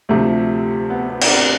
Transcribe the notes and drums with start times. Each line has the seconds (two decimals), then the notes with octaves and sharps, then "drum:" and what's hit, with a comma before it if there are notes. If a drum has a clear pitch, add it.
0.09 D2 C3 F3 A3
0.90 B3
1.10 B3
1.22 D4, drum: cymbal
1.30 C4